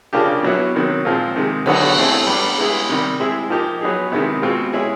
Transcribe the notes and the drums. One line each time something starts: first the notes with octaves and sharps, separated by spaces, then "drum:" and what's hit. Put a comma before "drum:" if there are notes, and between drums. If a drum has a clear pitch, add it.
C#3 F3 A#3 D4 G4
B2 F#3 B3 E4
C3 D#3 F#3
A#2 F3 G#3 C4
C3 D#3 G#3
D3 F#3 B3 D#4 F#4, drum: cymbal
E3 A3 C4 E4 G#4
G3 B3 D4
G#3 B3 E4 G#4
C3 D#3 G3
G#3 C4 E4 G#4
F3 A#3 D#4 G4
F#3 B3 D#4 G#4
C3 D#3 G#3 B3 E4
B2 G#3 C4 F4
G#3 C#4 E4 G#4